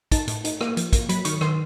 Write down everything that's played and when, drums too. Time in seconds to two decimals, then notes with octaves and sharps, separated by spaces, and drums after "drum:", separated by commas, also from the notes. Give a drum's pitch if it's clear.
0.12 D#4 A5, drum: kick, hi-hat
0.28 A2, drum: hi-hat
0.44 D#4, drum: hi-hat
0.61 A#3, drum: rim click
0.77 F3, drum: hi-hat
0.93 A#3, drum: kick, hi-hat
1.09 F#3 B5, drum: hi-hat
1.25 D#3 C#6, drum: hi-hat
1.41 D#3 C6, drum: rim click